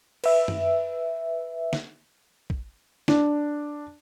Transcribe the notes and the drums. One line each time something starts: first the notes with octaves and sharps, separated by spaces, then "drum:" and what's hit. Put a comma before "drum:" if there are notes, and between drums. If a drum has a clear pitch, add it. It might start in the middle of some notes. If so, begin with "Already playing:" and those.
B4 E5, drum: cymbal
drum: tom F#2
drum: snare
drum: kick
D4, drum: snare